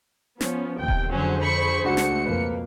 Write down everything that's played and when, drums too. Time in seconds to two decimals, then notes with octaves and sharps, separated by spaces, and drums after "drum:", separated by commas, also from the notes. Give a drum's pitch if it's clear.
0.41 F3 B3 C#4, drum: snare
0.78 D#2 C3 G5
0.88 drum: kick D#1
1.11 F2 D3 F#3 C#4 G#4 C5
1.40 B5 C#6 C#7
1.84 C#2 A3 D4 F#4 C#7
1.97 drum: snare
2.26 F2 B2 A#3 B4